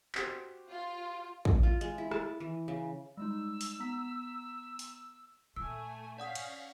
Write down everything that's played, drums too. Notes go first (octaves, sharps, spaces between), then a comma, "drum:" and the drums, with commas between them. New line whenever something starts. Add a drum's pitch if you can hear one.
F#4 G4 C5, drum: clap
F4
drum: kick
F4
G#3, drum: hi-hat
E4
A5, drum: rim click
E3
C#3
G3 G#3 D#4 E6
drum: open hi-hat
B3 A#5 B6
drum: open hi-hat
A#2 A3 G#5 E6
C#4 D5 F5 F#5 D#6 B6
drum: cymbal